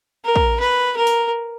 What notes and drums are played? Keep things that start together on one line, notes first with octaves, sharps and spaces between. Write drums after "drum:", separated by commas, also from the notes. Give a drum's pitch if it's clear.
A#4
drum: kick
B4
A#4
drum: open hi-hat